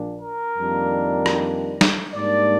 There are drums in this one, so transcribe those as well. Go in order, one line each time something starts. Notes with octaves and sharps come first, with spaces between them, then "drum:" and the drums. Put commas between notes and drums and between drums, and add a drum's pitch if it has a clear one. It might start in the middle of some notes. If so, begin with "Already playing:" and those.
Already playing: A#1 A#2 D4
A#4
F2 D#3 G3 A#3 D4
drum: rim click
drum: snare
G#2 G3 A#3 D4 D5